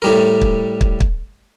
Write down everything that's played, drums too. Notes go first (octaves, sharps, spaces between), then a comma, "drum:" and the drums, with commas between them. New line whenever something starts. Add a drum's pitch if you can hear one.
A2 G3 A#4
drum: kick
drum: kick
drum: kick